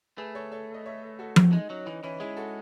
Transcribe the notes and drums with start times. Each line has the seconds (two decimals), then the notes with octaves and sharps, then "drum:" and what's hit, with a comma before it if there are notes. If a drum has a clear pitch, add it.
0.18 A3 G#4 B4
0.35 A4 C#5
0.52 A4 C#5
0.74 D#5
0.86 C#5 E5
1.19 F#4 A4
1.36 drum: tom F3
1.53 G#3 D#4
1.69 F#3 C#4
1.86 E3 D#4
2.03 E3 C#4 E4
2.20 G#3 E4 G#4
2.37 F#4 A4